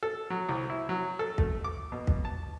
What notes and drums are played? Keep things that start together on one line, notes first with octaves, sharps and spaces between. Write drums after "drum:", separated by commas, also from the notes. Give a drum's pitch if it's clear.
A4
F#3
C2
E4
F#3
A4
A3, drum: kick
D6
B2
drum: kick
A5